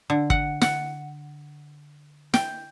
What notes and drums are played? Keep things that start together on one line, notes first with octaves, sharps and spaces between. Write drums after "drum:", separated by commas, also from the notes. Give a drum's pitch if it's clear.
D3
F#5, drum: kick
F#5, drum: snare
G5, drum: snare